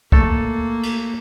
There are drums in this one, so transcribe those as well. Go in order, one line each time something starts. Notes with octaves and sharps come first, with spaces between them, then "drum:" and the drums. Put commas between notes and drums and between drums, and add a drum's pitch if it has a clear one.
A3 A#3 A4, drum: kick
drum: cymbal